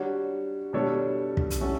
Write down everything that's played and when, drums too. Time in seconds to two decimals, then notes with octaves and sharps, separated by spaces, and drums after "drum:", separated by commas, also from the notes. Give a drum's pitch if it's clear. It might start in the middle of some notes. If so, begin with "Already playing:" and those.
Already playing: G3 D4 F#4 C#5
0.73 B2 G3 D4 A4 C#5
1.37 drum: kick
1.50 drum: hi-hat
1.60 A2 G3 C#4 F#4 A4